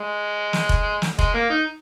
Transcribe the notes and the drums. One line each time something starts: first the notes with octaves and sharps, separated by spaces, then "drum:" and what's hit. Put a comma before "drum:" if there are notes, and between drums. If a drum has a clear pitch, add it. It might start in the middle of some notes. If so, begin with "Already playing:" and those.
Already playing: G#3
drum: snare
drum: kick F1
drum: snare
G#3, drum: kick F1
A#3
D#4